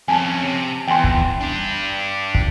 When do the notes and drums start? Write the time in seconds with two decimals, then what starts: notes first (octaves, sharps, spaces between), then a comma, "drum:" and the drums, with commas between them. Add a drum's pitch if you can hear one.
0.08 F2 C#4 G#5 A5
0.43 C3
0.88 E2 G5 G#5 C6
1.04 drum: kick
1.41 D4 G4
2.35 drum: kick